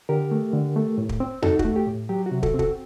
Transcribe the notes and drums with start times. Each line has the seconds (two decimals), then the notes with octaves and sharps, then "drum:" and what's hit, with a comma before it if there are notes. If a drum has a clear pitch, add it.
0.09 D3 G4 A#4
0.31 A3
0.53 D3
0.76 A3
0.98 A2
1.09 drum: kick
1.20 C4
1.42 D#4 F#4 A4, drum: tom E2
1.59 F#4, drum: kick
1.65 A3
1.76 G4
1.87 A2
2.09 F#3 G4
2.26 F#4
2.31 C3
2.43 F#4 A4, drum: kick
2.54 C4
2.59 F#4 A4, drum: kick